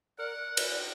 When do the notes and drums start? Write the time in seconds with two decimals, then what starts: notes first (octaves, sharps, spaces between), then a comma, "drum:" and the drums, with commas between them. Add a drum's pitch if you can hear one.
0.19 A#4 D5 F#5
0.57 B4, drum: cymbal